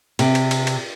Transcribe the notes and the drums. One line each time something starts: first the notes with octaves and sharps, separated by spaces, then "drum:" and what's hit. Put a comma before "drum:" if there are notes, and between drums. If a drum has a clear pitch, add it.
C3, drum: cymbal
drum: cymbal
drum: cymbal
drum: cymbal